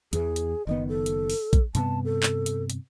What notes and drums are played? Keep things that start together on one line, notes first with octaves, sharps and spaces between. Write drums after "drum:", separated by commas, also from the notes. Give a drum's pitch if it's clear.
E2 E3 G#4, drum: hi-hat
drum: hi-hat
F#1 D#3 B3 D#5
A4
drum: hi-hat
drum: open hi-hat
drum: kick, hi-hat
G2 C3 B3 A5, drum: hi-hat
A4
drum: clap
drum: hi-hat
drum: hi-hat